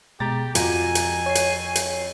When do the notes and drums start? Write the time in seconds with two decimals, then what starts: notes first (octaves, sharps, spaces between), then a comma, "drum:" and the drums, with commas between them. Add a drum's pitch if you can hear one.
0.20 B2 G#3 G4 A#5 A6
0.55 F2 F4 F#4 G#5 A#5, drum: hi-hat
0.95 drum: hi-hat
1.26 C#5 C7
1.35 drum: hi-hat
1.75 drum: hi-hat